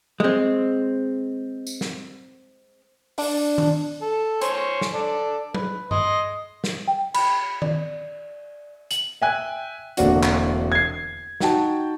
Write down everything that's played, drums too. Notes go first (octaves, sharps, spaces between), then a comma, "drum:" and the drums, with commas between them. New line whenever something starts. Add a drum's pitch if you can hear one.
G#3 C4
drum: tambourine
drum: snare
D4 D5, drum: open hi-hat
drum: tom D#3
A4
C5 C#5 G#5, drum: hi-hat
drum: snare
A4 D5
B4, drum: tom F#3
D#5 C6, drum: tom G2
drum: snare
G5
B5, drum: cymbal
D5, drum: tom D#3
F#7, drum: hi-hat
E5 G5 G#5 F#6
E1 D3 A#3 C4 D4 F#4, drum: hi-hat
drum: clap
G#6 C7
D#4 F#4 G5 A5, drum: snare